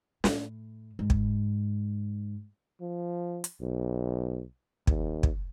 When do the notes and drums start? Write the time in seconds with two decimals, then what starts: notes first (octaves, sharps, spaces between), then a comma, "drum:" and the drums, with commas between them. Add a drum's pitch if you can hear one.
0.24 A2, drum: snare
0.99 G#2
1.10 drum: kick
2.81 F3
3.44 drum: hi-hat
3.61 B1
4.87 D#2, drum: kick
5.23 drum: kick